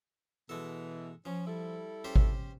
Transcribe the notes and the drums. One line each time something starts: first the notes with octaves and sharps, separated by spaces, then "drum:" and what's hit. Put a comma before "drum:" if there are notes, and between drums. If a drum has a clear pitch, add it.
B2 E3 G#3 A4
F3 C#4
G3 E4 A4
C#4 G4 C5
drum: kick G#1